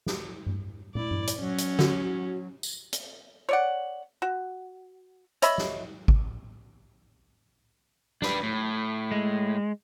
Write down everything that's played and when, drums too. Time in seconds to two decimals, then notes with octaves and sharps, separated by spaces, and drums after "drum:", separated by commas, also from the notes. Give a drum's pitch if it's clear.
0.06 drum: snare
0.46 drum: tom G2
0.95 E4 D5, drum: tom
1.11 drum: tom G2
1.27 drum: hi-hat
1.40 F#3 C#4
1.58 drum: hi-hat
1.79 D3 F#4, drum: snare
2.63 drum: tambourine
2.93 drum: hi-hat
3.49 C#5 D5 F#5
4.22 F#4
5.42 C#5 D#5 E5 B5, drum: hi-hat
5.58 drum: snare
6.08 drum: kick G#1
8.22 D4 B4, drum: snare
8.43 A2
9.11 G#3